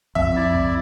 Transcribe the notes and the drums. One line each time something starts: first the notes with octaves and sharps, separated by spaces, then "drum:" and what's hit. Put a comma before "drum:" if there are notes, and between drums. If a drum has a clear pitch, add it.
F2 E5, drum: kick
E4 D5
drum: kick